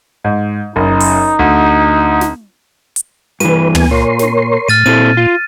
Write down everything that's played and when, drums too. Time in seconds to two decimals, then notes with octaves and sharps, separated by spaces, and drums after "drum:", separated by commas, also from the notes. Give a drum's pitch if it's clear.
0.24 G#2
0.76 F#1 D#4
1.00 drum: open hi-hat
1.39 D2
2.21 drum: snare
2.96 drum: hi-hat
3.40 G2 E3 B4 D#7, drum: snare
3.75 B3 G#5, drum: tom
3.91 A#2 A#4 C#5 C6
4.19 drum: snare
4.68 A2 F6 A6 D#7
4.86 A#2 C4 E4 A4 D#7
5.17 F4